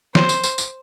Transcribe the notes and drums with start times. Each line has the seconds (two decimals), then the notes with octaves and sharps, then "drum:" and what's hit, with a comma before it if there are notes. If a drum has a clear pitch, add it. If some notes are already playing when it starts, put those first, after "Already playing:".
0.15 C5, drum: snare
0.29 drum: tambourine
0.43 drum: tambourine
0.58 drum: tambourine